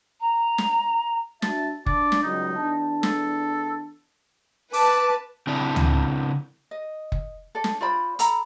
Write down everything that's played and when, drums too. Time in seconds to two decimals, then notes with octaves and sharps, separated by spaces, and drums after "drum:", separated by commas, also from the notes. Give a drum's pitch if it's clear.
0.21 A#5
0.58 drum: snare
1.42 D4 F#4 E5 A5, drum: snare
1.86 D4 D5, drum: kick
2.12 drum: snare
2.23 C#2 F#3 G3 D#4
2.55 E2 D4 A5
3.03 A4, drum: snare
4.73 B4 A5 D6, drum: open hi-hat
5.47 C#3 C4 D4 E4 D5
5.76 drum: tom C#2
6.71 D#5
7.12 drum: kick
7.55 A4 D5
7.64 drum: snare
7.81 F4 C5 D5 B5
8.19 A4 A#5 B5, drum: hi-hat